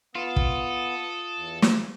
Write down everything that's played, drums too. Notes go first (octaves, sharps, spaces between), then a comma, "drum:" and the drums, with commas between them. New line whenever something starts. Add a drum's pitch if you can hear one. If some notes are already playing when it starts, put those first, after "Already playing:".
B3 F4 A4 D#6
drum: kick
E2
drum: snare